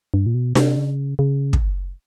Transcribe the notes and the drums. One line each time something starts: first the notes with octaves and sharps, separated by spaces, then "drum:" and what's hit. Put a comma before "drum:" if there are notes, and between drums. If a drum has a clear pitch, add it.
G2
A#2
B2
C3, drum: snare D4
C#3
C#3
drum: kick